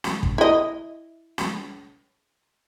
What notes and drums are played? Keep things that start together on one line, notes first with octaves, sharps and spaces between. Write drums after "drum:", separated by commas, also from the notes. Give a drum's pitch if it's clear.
drum: snare
drum: kick
E4 D#5
drum: snare